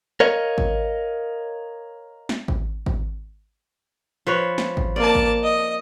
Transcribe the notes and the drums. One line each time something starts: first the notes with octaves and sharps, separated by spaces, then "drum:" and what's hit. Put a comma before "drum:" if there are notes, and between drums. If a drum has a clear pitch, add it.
A#4 C#5 D#5 F5
drum: kick G#1
drum: snare
drum: kick G#1
drum: kick G#1
F3 B4 C#5
drum: snare
drum: kick G#1
A#3 D5 A5
drum: kick G#1
D#5